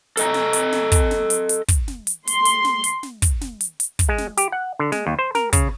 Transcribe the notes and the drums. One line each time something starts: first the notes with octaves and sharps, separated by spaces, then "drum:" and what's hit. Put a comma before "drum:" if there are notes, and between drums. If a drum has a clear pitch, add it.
A4 D#5 A#5, drum: hi-hat
drum: snare
drum: hi-hat
drum: snare
drum: kick, hi-hat
drum: snare
drum: hi-hat
drum: hi-hat
drum: kick, hi-hat
drum: snare
drum: hi-hat
C6, drum: hi-hat
drum: hi-hat
drum: snare
drum: hi-hat
drum: snare
drum: kick, hi-hat
drum: snare
drum: hi-hat
drum: hi-hat
drum: kick, hi-hat
G#3
drum: snare
G4, drum: hi-hat
F#5
D3
G#3, drum: snare
D#2
C5
A#4, drum: snare
C#3, drum: kick, hi-hat